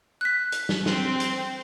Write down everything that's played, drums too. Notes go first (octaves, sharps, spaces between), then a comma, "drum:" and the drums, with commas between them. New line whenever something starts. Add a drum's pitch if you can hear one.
F#6 B6
drum: hi-hat
drum: snare
C4, drum: snare
drum: hi-hat